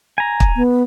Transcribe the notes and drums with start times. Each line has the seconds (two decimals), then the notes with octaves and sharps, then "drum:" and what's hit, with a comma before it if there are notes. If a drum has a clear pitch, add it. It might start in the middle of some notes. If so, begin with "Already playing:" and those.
0.18 G#5 A#5
0.40 drum: kick
0.56 B3